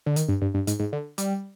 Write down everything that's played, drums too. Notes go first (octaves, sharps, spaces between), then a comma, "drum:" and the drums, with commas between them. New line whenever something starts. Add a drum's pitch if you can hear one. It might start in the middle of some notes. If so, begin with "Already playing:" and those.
D3
D#3, drum: hi-hat
G2
G2
G2
G#2, drum: hi-hat
G#2
D3
G3, drum: hi-hat